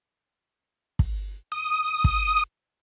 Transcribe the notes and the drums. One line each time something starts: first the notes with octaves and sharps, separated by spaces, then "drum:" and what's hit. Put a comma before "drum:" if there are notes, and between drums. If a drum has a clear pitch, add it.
drum: kick
D#6
drum: kick